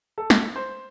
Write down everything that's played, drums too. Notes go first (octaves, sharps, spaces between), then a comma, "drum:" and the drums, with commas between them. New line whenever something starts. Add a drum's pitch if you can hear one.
A4
drum: snare
C5